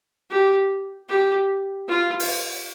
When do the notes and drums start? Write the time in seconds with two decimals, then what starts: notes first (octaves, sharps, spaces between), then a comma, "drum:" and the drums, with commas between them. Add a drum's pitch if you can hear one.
0.30 G4
1.09 G4
1.88 F4
2.20 drum: open hi-hat